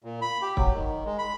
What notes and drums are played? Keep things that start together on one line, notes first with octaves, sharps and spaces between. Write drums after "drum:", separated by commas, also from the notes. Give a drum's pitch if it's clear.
A#2
B5
G4
F#3, drum: kick
D#3
G#3
B5